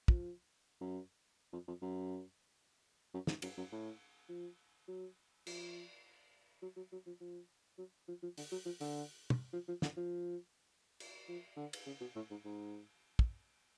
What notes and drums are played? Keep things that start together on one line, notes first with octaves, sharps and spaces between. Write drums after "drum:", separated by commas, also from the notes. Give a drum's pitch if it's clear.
F3, drum: kick
F#2
F2
F2
F#2
F#2
G#2, drum: snare
F#2, drum: cymbal
F#2
A2
F3
F#3
F3, drum: cymbal
F#3
F#3
F#3
F3
F3
F#3
F3
F3
D3, drum: open hi-hat
F#3
F3
D3, drum: open hi-hat
drum: tom
F3
F3
D3, drum: snare
F3
drum: cymbal
F3
D3
drum: cymbal
C#3
B2
A2
G#2
G#2
drum: kick